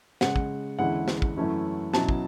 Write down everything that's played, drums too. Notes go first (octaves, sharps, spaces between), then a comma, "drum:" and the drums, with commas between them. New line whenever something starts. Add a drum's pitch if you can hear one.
C#3 G#3 C#4 F#5, drum: snare
drum: kick
E2 D3 G#3 C#4 E4 F#5
drum: snare
drum: kick
F#2 E3 A3 C#4 E4
B2 F#3 C#4 E4 A5, drum: snare
drum: kick